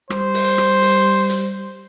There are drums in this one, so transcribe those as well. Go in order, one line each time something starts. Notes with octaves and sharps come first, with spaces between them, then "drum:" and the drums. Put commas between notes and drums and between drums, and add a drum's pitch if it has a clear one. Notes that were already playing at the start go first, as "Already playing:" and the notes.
G3 C5, drum: rim click
drum: open hi-hat
drum: rim click
drum: open hi-hat
drum: hi-hat